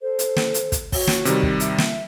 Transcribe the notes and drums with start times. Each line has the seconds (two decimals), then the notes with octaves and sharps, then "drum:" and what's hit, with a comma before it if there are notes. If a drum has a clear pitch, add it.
0.01 A4 C5
0.19 drum: hi-hat
0.36 drum: snare
0.54 drum: hi-hat
0.72 drum: kick, hi-hat
0.92 F#4 C#5, drum: kick, open hi-hat
1.07 drum: snare
1.25 C3 D#3 G3, drum: hi-hat
1.43 drum: kick
1.60 E5, drum: hi-hat
1.78 drum: snare